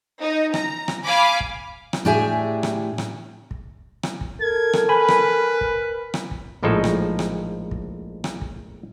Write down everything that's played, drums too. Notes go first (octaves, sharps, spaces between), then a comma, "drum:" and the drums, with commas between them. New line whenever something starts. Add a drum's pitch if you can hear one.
D#4
A#5, drum: rim click
drum: rim click
F5 G#5 B5 D6
drum: kick
drum: rim click
A2 D4 G4 G#4 E5 G#5
drum: rim click
drum: rim click
drum: kick
drum: rim click
drum: kick
A4 A#4 G#6
drum: rim click
B4 G#5 B5
drum: rim click
drum: kick
drum: rim click
drum: kick
A#1 A2 F3 G#3 D#4 A4
drum: rim click
drum: rim click
drum: kick
drum: rim click
drum: kick